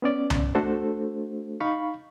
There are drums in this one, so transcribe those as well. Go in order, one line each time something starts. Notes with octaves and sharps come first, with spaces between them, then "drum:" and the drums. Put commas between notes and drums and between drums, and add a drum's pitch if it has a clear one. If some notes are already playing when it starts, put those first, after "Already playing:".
B3 C#4 D5
drum: tom C2
A3 D4 F#4 A4 C5
D#4 F5 B5 C#6